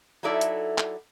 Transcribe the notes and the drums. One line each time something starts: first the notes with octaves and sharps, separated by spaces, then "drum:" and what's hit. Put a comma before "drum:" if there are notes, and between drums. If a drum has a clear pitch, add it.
F#3 D#4 E4 A4 D5 E5
drum: hi-hat
drum: clap